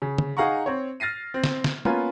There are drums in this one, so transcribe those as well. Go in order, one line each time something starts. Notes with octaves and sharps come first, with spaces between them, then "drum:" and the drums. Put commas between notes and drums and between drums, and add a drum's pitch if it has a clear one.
C#3
drum: tom
D#4 G#4 F5 F#5 A#5 C#6
C4 C5 C#5
F6 A6 A#6 C7 D#7
C4
drum: snare
drum: snare
A#3 B3 C#4 F4 B4 G#5, drum: tom